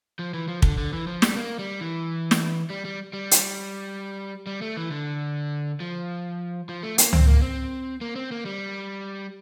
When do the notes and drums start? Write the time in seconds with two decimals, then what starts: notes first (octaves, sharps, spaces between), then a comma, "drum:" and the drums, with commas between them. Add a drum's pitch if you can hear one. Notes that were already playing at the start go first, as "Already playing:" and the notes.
0.19 F3
0.34 E3
0.48 F3
0.62 D3, drum: kick
0.78 D3
0.93 E3
1.07 F3
1.22 G3, drum: snare
1.36 A#3
1.59 G3
1.81 E3
2.31 drum: snare
2.70 G3
2.85 G3
3.13 G3
3.31 drum: hi-hat
4.47 G3
4.62 A3
4.77 E3
4.91 D3
5.80 F3
6.69 F3
6.83 A3
6.98 A#3, drum: hi-hat
7.13 C4, drum: tom C#2
7.28 A#3
7.42 C4
8.01 A#3
8.16 C4
8.31 A#3
8.46 G3